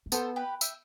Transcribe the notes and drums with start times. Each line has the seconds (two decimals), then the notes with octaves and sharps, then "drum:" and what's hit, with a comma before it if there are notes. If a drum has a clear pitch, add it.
0.06 A3
0.12 B3 A4 C5, drum: tambourine
0.36 G4 B4
0.61 E5 G5, drum: tambourine